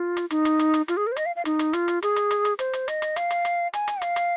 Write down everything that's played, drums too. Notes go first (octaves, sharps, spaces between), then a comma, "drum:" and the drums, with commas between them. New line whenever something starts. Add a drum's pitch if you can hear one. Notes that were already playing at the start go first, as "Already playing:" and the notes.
Already playing: F4
drum: hi-hat
D#4, drum: hi-hat
drum: hi-hat
drum: hi-hat
drum: hi-hat
F4, drum: hi-hat
G#4
A#4
C5
D#5, drum: hi-hat
F5
F5
D#4, drum: hi-hat
drum: hi-hat
F4, drum: hi-hat
drum: hi-hat
G#4, drum: hi-hat
drum: hi-hat
drum: hi-hat
drum: hi-hat
C5, drum: hi-hat
drum: hi-hat
D#5, drum: hi-hat
drum: hi-hat
F5, drum: hi-hat
drum: hi-hat
drum: hi-hat
G#5, drum: hi-hat
drum: hi-hat
F5, drum: hi-hat
drum: hi-hat